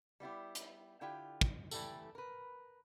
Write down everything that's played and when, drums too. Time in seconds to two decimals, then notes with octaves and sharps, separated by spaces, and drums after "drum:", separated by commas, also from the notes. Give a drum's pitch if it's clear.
0.20 G3 B3 E4 G4
0.55 drum: hi-hat
1.01 D3 E4 F4 G4 G5
1.41 drum: kick
1.71 E3 G3 A3 G4 A4, drum: tambourine
2.15 A#4 B4